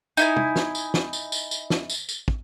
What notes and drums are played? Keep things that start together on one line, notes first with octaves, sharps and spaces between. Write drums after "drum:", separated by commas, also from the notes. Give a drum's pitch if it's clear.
D#4 E4 G#5, drum: tambourine
drum: tom
drum: snare
drum: tambourine
drum: snare
drum: tambourine
drum: tambourine
drum: tambourine
drum: snare
drum: tambourine
drum: tambourine
drum: kick